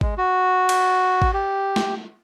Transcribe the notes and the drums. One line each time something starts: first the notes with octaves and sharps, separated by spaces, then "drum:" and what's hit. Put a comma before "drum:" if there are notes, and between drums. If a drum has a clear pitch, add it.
G#3, drum: kick G#1
F#4
drum: cymbal
drum: kick G#1
G4
drum: snare